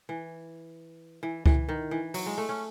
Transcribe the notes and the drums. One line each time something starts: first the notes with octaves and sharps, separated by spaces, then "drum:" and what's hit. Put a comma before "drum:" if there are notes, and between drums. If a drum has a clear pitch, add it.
E3
E3
E3, drum: kick C#2
D#3
E3
F#3, drum: open hi-hat
G#3
A3
C#4